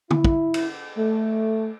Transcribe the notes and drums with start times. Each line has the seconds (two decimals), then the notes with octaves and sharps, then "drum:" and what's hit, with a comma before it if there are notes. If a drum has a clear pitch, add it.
0.11 E4, drum: tom
0.25 drum: kick
0.54 drum: cymbal
0.97 A3